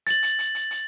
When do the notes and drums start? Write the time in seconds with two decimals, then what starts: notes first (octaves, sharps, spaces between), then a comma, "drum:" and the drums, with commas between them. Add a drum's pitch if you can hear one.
0.07 A6 F#7, drum: hi-hat
0.23 drum: hi-hat
0.39 drum: hi-hat
0.55 drum: hi-hat
0.71 drum: hi-hat